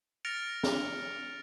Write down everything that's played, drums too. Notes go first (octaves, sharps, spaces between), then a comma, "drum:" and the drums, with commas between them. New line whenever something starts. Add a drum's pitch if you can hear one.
F6 A6 A#6 C#7 D7 F7
drum: snare